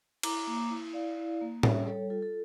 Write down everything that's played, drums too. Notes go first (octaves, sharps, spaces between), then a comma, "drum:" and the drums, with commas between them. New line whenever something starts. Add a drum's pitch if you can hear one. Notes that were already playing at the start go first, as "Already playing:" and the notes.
E4 A#5 D6, drum: cymbal
A#3
E4
E4 D5 F5
E4
A#3
G3 C#5 E5, drum: tom A2
G3 A4 C#5
F4 A4
A4